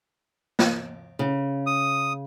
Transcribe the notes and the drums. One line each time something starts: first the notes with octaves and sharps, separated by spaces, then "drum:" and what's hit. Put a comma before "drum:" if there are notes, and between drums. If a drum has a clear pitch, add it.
drum: snare
C#3
D#6